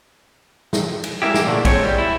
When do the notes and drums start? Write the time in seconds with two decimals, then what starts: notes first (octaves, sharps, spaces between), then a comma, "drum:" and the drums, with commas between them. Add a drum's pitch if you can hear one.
0.73 drum: snare
1.04 drum: cymbal
1.22 G#3 A#3 C4 E4 G4
1.34 drum: snare
1.47 A#2 D3 A3
1.65 G#3 C4 C#5, drum: kick A#1, cymbal
1.83 G3
1.98 E4